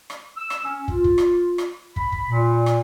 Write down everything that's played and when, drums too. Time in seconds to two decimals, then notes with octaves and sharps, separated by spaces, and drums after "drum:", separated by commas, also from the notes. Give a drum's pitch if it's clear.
0.10 drum: rim click
0.37 E6
0.50 drum: rim click
0.64 C#4
0.88 F4, drum: kick
1.04 drum: kick
1.18 drum: rim click
1.58 drum: rim click
1.96 B5, drum: kick
2.12 drum: kick
2.29 A#2
2.66 drum: rim click